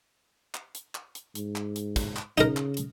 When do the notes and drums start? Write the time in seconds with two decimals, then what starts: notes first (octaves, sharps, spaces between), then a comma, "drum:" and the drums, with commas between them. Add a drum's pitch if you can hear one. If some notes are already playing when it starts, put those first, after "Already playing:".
0.55 drum: clap
0.75 drum: hi-hat
0.95 drum: clap
1.15 drum: hi-hat
1.35 G#2, drum: hi-hat
1.56 drum: clap
1.76 drum: hi-hat
1.96 drum: kick, hi-hat
2.16 drum: clap
2.38 C#3 D#4 A#4, drum: hi-hat
2.57 drum: clap
2.77 drum: hi-hat